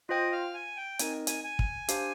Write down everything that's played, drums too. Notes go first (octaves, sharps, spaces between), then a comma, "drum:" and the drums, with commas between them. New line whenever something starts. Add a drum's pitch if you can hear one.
F4 C5 D#5 G5
F5
G#5
G5
C4 D#4 A#4 D#5 G#5, drum: hi-hat
G#5, drum: hi-hat
G#5
drum: kick
D4 G4 C5 F5, drum: hi-hat